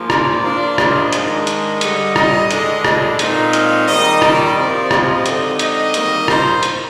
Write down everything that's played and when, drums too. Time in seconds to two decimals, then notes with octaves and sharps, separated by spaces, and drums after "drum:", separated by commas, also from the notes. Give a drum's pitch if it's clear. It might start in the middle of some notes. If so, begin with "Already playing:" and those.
Already playing: G#2 F3 A#3 F4
0.10 D5, drum: rim click
0.44 F3 A#3 D4 F4
0.78 D#5, drum: rim click
1.13 G#2 D#3 G#3 D4, drum: hi-hat
1.47 drum: hi-hat
1.81 G2 D3 G3, drum: hi-hat
2.16 D#5, drum: rim click
2.51 D3 G#3 D4, drum: hi-hat
2.85 drum: rim click
3.19 A#2 G#3 C4 D#4, drum: hi-hat
3.53 F5, drum: hi-hat
3.87 D#3 G3 A#3 D#5
4.22 D5, drum: rim click
4.56 C3 F3 C4 F4
4.91 D#5, drum: rim click
5.26 D3 G#3 C4 D#4, drum: hi-hat
5.59 D#5, drum: hi-hat
5.94 D#3 G3 A#3 D#4, drum: hi-hat
6.28 C5, drum: rim click
6.63 drum: hi-hat